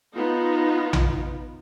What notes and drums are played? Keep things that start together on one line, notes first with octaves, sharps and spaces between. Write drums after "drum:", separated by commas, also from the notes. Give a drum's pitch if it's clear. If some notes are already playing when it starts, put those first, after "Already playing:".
B3 D#4 F4
drum: tom A#1